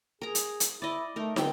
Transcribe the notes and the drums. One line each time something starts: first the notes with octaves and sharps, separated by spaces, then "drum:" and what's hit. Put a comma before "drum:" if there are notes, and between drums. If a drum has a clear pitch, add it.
G#4 A#4 A#5
drum: hi-hat
drum: hi-hat
E4 D5 D#5
A3 D#4 A#4
D3 C4 F4 G5, drum: snare